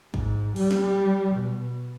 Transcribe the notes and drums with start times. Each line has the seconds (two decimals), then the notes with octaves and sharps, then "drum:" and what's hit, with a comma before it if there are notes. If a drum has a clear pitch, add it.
0.14 G#2, drum: kick
0.56 G3, drum: cymbal
0.71 drum: snare
1.35 B2